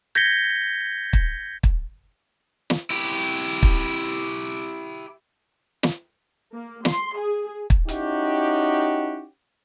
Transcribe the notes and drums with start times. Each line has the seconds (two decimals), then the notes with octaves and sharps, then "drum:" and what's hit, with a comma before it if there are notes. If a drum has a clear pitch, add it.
0.15 G6 G#6 A#6 B6 C#7 G7
1.13 drum: kick
1.63 drum: kick
2.70 drum: snare
2.90 E4 G4
3.63 drum: kick
5.83 drum: snare
6.53 A#3
6.85 C6, drum: snare
7.17 G#4
7.70 drum: kick
7.89 C#4 D#4 E4 F#4 G4, drum: hi-hat